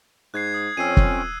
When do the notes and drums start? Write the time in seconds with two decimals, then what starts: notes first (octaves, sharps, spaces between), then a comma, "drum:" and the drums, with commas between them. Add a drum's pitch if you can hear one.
0.34 G#2 F#6 G#6 C7
0.54 D#6
0.77 F2 C4 C#4 E6 C7 D#7
0.97 drum: kick